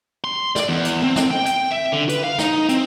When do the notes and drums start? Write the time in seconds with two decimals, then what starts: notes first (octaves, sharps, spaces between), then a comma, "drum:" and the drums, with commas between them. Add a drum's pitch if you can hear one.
0.24 C6
0.56 D5, drum: snare
0.69 E2
0.85 drum: hi-hat
1.03 C4
1.16 drum: snare
1.31 G5
1.46 G5, drum: hi-hat
1.71 E5
1.92 D3
2.09 B4, drum: hi-hat
2.24 F5
2.39 D#4, drum: snare
2.69 C4, drum: hi-hat